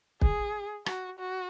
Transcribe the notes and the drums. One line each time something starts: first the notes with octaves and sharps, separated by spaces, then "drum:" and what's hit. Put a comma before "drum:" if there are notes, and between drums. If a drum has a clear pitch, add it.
G#4, drum: kick
F#4, drum: rim click
F#4